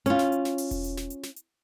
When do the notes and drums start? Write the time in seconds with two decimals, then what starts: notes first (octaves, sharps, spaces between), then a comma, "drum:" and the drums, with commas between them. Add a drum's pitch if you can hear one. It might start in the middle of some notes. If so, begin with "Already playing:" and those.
0.06 C#4 F4, drum: hi-hat
0.19 drum: snare
0.32 drum: hi-hat
0.45 drum: snare
0.58 drum: open hi-hat
0.71 drum: kick E1, hi-hat
0.84 drum: hi-hat
0.97 drum: snare
1.10 drum: hi-hat
1.23 drum: snare
1.36 drum: hi-hat